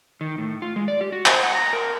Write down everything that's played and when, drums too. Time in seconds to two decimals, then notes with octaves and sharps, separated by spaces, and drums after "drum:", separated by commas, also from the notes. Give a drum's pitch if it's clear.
0.21 D#3
0.38 A2
0.62 F4
0.76 G#3
0.88 D5
1.01 G4
1.12 F#4
1.26 C5, drum: clap
1.43 F#5
1.55 A#5
1.73 A#4